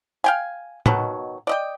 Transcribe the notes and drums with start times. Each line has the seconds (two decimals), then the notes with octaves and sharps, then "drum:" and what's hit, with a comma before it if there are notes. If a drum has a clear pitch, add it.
0.24 F5 G5 G#5
0.86 B2 D#3 F#3, drum: tom
1.47 D5 D#5 G5